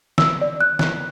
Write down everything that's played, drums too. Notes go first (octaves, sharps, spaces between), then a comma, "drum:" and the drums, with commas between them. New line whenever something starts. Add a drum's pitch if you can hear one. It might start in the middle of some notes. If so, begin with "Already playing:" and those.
E6, drum: snare
D5
F#6
drum: snare